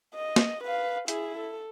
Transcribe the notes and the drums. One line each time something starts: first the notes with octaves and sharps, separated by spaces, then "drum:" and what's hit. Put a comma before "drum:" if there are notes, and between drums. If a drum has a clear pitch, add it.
D#5
drum: snare
B4 F5
E4 G#4, drum: hi-hat
A4